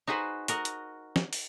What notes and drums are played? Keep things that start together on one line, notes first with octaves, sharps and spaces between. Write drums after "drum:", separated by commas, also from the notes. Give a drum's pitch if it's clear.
D#4 F#4 G#4 B4 C5
F#4 A#4 D#5, drum: hi-hat
drum: hi-hat
drum: snare
drum: open hi-hat